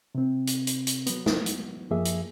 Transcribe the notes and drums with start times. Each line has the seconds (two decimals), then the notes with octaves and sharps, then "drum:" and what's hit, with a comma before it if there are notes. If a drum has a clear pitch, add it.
0.15 C3 C4
0.47 drum: hi-hat
0.67 drum: hi-hat
0.87 drum: hi-hat
1.06 F#3 B3, drum: hi-hat
1.26 drum: snare
1.46 drum: hi-hat
1.91 F#2 F3 A#3 G#4 E5
2.05 drum: hi-hat